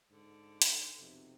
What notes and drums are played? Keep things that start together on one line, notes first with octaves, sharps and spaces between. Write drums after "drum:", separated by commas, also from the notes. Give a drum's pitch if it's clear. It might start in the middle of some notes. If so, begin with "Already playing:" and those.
G#2 D3
drum: hi-hat
B1 F2 C3